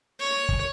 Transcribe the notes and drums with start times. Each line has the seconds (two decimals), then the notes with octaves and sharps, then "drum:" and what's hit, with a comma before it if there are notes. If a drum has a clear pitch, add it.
0.19 C#5
0.49 drum: kick